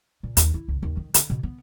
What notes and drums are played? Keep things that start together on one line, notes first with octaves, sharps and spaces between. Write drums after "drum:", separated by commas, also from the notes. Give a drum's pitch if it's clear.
A#2
D#2, drum: hi-hat
E4
C#2
D#2
D#3
D3, drum: hi-hat
B2
B3